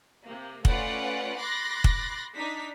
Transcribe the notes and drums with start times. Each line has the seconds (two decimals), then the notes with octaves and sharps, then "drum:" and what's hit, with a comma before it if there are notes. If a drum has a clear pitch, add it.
0.23 C3 A#3
0.65 A3 C#4 F4 B4 D5 F#5, drum: kick
1.37 B5 C6 D6 F#6 A6 A#6
1.84 drum: kick
2.36 D4 D#4 B6